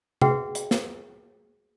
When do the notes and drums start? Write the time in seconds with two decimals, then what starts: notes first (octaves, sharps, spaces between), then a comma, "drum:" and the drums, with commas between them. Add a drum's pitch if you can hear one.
0.21 F#4 G#4 B4 E5 F#5 G5, drum: tom C3
0.55 drum: hi-hat
0.71 drum: snare